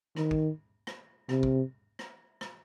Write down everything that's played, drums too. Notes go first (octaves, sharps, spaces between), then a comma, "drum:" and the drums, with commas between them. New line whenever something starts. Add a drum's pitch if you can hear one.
D#3, drum: rim click
drum: kick
drum: rim click
C3, drum: rim click
drum: kick
drum: rim click
drum: rim click